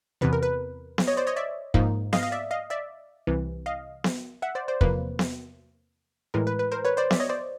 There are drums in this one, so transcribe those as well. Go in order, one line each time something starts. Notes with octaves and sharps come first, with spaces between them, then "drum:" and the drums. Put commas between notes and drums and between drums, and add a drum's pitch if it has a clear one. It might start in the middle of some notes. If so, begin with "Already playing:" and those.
E2 C3 E3 B4
A#4
B4
drum: snare B3
C#5 D#5
C5 D5
C#5 D#5
D5 E5
G#2 F3 A#3 D#4, drum: kick
D#5 F5, drum: snare B3
D#5 F5
D5 E5
D#5 F5
D5 E5
C2 C3 E3
D#5 F5
drum: snare B3
E5 F#5
C5 D5
C5 D5
E2 C3 F3 A#3 B4, drum: kick
drum: snare B3
A2 E3 G#3 A#4
B4
B4
A#4 C5
B4 C#5
C5 D5
D5 E5, drum: snare B3
C#5 D#5
C5 D5